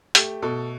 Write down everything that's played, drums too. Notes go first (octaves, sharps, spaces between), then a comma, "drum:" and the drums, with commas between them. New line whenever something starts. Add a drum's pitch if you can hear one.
A3 G4, drum: hi-hat
B2 A4